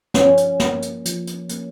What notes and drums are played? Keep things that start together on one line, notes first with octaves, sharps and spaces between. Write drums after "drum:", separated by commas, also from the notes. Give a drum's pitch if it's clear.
F3 C#4, drum: snare
drum: hi-hat
A#3 C#4, drum: snare
drum: hi-hat
F3, drum: hi-hat
drum: hi-hat
A#3 C#4, drum: hi-hat